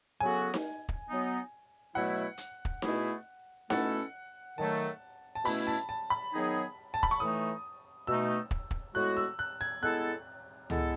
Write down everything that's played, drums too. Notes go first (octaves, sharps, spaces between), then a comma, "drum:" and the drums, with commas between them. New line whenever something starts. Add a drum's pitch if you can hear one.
C#3 F#3 B3 F#4 A4 G#5
drum: snare D#4
drum: kick
F#3 B3 D#4
B2 F#3 A3 E4 F#5
drum: hi-hat
drum: kick
B2 A3 E4 G#4, drum: snare D#4
B2 A3 C#4 E4 A4 F#5, drum: snare D#4
D#3 F#3 A3 A5
A5
B2 A3 C#4 E4 B5, drum: open hi-hat
A5
A5
B5
D#3 F#3 B3 D#4 G#4
A5
B5, drum: kick
C#6
A2 E3 A3 D#4 D#6
B2 A3 D#4 E6
drum: kick
drum: kick
A2 G#3 B3 F#4 F#6
E6
F#6
G#6
G#3 B3 E4 A4 F#6
G#3 B3 E4 A4, drum: tom C#2